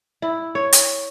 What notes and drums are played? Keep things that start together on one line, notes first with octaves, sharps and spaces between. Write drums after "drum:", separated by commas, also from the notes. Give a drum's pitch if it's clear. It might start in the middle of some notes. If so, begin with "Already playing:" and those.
E4
C#5
drum: hi-hat